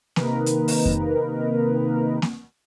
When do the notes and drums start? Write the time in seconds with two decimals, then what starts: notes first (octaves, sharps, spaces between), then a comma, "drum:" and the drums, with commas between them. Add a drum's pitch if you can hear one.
0.16 C3 D#3 A#3 D#4 A#4 B4, drum: snare A#3
0.46 drum: hi-hat
0.68 drum: open hi-hat
0.86 drum: kick F2
2.22 drum: snare A#3